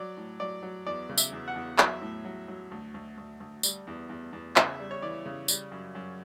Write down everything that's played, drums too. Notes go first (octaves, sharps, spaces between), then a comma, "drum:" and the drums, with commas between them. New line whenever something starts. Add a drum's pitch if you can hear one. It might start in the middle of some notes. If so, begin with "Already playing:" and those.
Already playing: F#3 D5
A2
F#3 D5
F#3
E2 D5
C#3
E5, drum: tambourine
E2
F#5
E2
F#3 E5, drum: clap
A2
F#3
F#3
D2
D2
D2
D2
G3, drum: tambourine
E2
E2
E2
C#3 E5, drum: clap
G3
C#5
E3 D5
C#3
G3, drum: tambourine
F#2
F#2